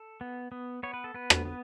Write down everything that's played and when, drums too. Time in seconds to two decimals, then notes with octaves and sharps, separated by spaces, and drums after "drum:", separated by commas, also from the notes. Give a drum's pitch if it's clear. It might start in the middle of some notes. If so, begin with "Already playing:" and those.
Already playing: A4
0.21 B3
0.52 B3
0.83 B3 C#5
0.94 B4
1.04 A4
1.14 B3 B4
1.30 drum: rim click
1.45 B3